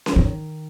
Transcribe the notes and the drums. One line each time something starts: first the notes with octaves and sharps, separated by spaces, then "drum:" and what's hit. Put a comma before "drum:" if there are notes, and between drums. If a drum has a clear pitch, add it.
drum: snare C#4
D#3